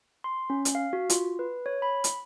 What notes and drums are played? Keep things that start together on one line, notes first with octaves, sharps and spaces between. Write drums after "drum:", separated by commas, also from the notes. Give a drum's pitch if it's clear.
C6
C#4
drum: hi-hat
F5
F#4
F4, drum: hi-hat
B4
C#5
B5
drum: hi-hat